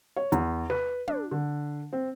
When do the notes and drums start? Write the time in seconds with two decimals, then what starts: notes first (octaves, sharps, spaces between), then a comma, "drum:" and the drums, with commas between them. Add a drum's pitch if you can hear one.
0.16 C#5
0.32 E2, drum: hi-hat
0.70 B4, drum: snare
1.08 D4, drum: tom
1.31 D3
1.93 C4